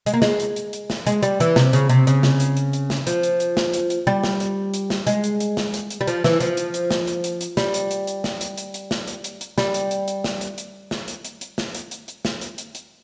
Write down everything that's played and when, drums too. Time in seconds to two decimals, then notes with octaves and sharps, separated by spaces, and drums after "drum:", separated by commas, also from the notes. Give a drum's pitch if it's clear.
0.06 G#3, drum: hi-hat
0.14 A#3
0.22 G#3, drum: snare
0.40 drum: hi-hat
0.56 drum: hi-hat
0.73 drum: hi-hat
0.90 drum: snare
1.07 G#3, drum: hi-hat
1.23 G3, drum: hi-hat
1.40 E3, drum: hi-hat
1.56 C3, drum: snare
1.73 C#3, drum: hi-hat
1.89 C3, drum: hi-hat
2.07 C#3, drum: hi-hat
2.23 drum: snare
2.40 drum: hi-hat
2.57 drum: hi-hat
2.73 drum: hi-hat
2.90 drum: snare
3.07 F3, drum: hi-hat
3.23 drum: hi-hat
3.40 drum: hi-hat
3.57 drum: snare
3.73 drum: hi-hat
3.90 drum: hi-hat
4.07 G3
4.24 drum: snare
4.40 drum: hi-hat
4.74 drum: hi-hat
4.90 drum: snare
5.07 G#3, drum: hi-hat
5.24 drum: hi-hat
5.40 drum: hi-hat
5.57 drum: snare
5.74 drum: hi-hat
5.90 drum: hi-hat
6.01 G3
6.08 F3, drum: hi-hat
6.24 E3, drum: snare
6.40 F3, drum: hi-hat
6.57 drum: hi-hat
6.74 drum: hi-hat
6.91 drum: snare
7.07 drum: hi-hat
7.24 drum: hi-hat
7.41 drum: hi-hat
7.57 G3, drum: snare
7.74 drum: hi-hat
7.91 drum: hi-hat
8.07 drum: hi-hat
8.24 drum: snare
8.41 drum: hi-hat
8.57 drum: hi-hat
8.74 drum: hi-hat
8.91 drum: snare
9.08 drum: hi-hat
9.24 drum: hi-hat
9.41 drum: hi-hat
9.58 G3, drum: snare
9.74 drum: hi-hat
9.91 drum: hi-hat
10.08 drum: hi-hat
10.24 drum: snare
10.41 drum: hi-hat
10.58 drum: hi-hat
10.91 drum: snare
11.08 drum: hi-hat
11.25 drum: hi-hat
11.41 drum: hi-hat
11.58 drum: snare
11.75 drum: hi-hat
11.91 drum: hi-hat
12.08 drum: hi-hat
12.25 drum: snare
12.41 drum: hi-hat
12.58 drum: hi-hat
12.75 drum: hi-hat